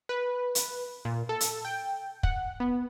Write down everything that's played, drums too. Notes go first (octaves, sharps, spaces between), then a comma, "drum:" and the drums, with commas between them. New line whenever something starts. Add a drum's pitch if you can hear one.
B4
drum: hi-hat
A#2
A4
drum: hi-hat
G5
F#5, drum: kick
B3